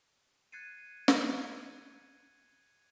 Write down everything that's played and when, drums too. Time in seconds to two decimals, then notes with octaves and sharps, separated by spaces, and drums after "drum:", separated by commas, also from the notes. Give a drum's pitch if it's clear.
0.52 F#6 G#6 A6 C7 C#7 D#7
1.08 drum: snare